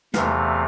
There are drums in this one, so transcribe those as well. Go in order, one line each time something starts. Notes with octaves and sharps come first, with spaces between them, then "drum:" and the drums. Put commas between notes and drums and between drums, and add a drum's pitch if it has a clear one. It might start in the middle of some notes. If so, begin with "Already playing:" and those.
E2 C3 E3 A3 F5, drum: snare